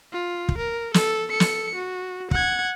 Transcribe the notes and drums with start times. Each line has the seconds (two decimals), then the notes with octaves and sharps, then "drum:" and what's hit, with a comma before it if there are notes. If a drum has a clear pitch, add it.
0.13 F4
0.49 drum: kick
0.58 A#4
0.94 A4, drum: snare
1.30 A4 C#7
1.40 drum: snare
1.75 F#4
2.31 F#5 G#6, drum: kick